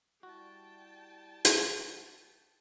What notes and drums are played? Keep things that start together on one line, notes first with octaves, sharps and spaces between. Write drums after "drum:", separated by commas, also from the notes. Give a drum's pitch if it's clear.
G3 E4 F#4 G5 A5
drum: hi-hat